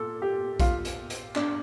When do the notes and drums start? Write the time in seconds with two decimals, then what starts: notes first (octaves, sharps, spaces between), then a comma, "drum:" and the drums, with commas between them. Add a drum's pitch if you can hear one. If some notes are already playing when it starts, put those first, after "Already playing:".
Already playing: A#2 A4
0.22 G4
0.60 F4, drum: kick A#1, hi-hat
0.85 drum: hi-hat
1.10 drum: hi-hat
1.36 D4, drum: clap